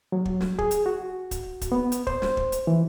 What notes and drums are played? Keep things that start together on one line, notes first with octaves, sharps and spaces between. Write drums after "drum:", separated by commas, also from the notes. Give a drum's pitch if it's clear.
F#3
drum: kick
drum: snare
G#4, drum: kick
drum: hi-hat
F#4
drum: kick, hi-hat
drum: kick, hi-hat
B3
drum: hi-hat
C5, drum: kick
drum: snare
drum: kick
drum: hi-hat
E3